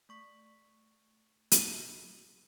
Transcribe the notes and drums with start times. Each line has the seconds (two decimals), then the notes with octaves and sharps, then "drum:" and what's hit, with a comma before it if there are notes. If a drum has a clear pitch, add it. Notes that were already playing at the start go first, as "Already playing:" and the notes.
0.09 A3 C#6 B6
1.52 drum: hi-hat